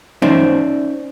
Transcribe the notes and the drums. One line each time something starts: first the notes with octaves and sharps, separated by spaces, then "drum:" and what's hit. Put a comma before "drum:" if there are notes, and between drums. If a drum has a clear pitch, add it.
C#4 D#4 C5 D5 E5, drum: tom E3